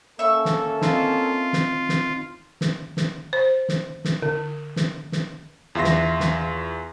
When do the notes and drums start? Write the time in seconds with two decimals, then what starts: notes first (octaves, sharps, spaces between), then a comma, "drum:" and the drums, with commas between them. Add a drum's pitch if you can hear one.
0.19 A#3 C#4 A4 E5 C#6
0.45 drum: snare
0.82 C4 D#4 F4, drum: snare
1.53 drum: snare
1.89 drum: snare
2.61 drum: snare
2.97 drum: snare
3.33 C5
3.69 drum: snare
4.05 drum: snare
4.22 D3
4.76 drum: snare
5.12 drum: snare
5.75 E2 F4 E5 C6 A#6
5.84 drum: snare
6.20 drum: snare